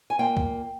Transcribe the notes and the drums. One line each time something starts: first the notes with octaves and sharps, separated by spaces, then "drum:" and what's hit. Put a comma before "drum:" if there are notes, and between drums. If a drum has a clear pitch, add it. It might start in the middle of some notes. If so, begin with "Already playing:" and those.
G#5
A#2 A#3 G5
drum: kick